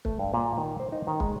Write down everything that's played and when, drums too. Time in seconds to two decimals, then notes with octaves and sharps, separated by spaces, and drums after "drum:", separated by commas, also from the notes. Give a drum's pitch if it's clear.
0.05 A3, drum: kick
0.19 G2
0.34 A#2
0.58 D#3
0.80 C5
0.92 D#4
1.07 D#3
1.20 G#3, drum: kick